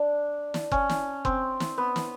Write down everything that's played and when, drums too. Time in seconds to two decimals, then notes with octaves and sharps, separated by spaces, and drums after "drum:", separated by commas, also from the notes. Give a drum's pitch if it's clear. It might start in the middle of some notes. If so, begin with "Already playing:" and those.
Already playing: D4
0.54 drum: snare
0.71 C#4, drum: kick F#1
0.89 drum: snare
1.25 C4, drum: kick F#1
1.60 drum: snare
1.78 B3
1.96 drum: snare